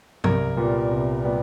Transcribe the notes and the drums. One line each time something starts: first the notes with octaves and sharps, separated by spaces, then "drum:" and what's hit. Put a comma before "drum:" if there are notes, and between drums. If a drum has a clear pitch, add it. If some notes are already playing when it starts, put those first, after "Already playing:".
C2 A#4, drum: tom G2
A#2 G3 B3
C2
A#2 G3 B3